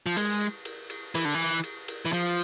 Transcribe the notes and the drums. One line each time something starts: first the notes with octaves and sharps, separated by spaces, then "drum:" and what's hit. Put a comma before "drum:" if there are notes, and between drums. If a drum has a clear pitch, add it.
F3
G#3, drum: cymbal
drum: cymbal
drum: cymbal
drum: cymbal
E3, drum: cymbal
D3
E3
drum: cymbal
drum: cymbal
E3
F3, drum: cymbal